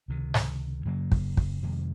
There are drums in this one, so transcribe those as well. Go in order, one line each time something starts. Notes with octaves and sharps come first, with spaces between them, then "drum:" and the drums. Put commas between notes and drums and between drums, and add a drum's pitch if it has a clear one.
C#2 C3 D#3
drum: snare G#2
F#2 C#3 F#3 A#3
drum: kick
drum: kick
F2 C3 D#3 G#3